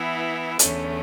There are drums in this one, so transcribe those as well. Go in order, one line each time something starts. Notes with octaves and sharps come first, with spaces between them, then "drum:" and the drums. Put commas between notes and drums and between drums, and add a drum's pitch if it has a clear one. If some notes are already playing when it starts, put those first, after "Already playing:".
Already playing: E3 B3 E4
E2 D3 A3 C#4, drum: hi-hat